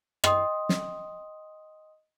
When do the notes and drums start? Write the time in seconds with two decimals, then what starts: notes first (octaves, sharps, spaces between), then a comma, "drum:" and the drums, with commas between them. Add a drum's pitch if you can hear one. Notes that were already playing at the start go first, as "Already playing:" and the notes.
0.24 D#5 G5 C6 D#6, drum: rim click
0.69 drum: snare